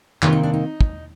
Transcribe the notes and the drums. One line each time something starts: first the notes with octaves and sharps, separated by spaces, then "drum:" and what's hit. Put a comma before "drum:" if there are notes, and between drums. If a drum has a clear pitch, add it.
C3 D#3 A#3 F4, drum: clap
D#4
D4
D#4
drum: kick